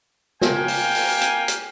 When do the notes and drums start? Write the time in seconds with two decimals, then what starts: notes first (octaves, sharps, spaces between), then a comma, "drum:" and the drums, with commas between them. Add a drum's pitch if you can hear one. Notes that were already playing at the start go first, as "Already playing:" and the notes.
0.41 A#3 F5 G5 G#5, drum: snare
0.68 drum: open hi-hat
0.95 drum: open hi-hat
1.21 drum: hi-hat
1.48 drum: hi-hat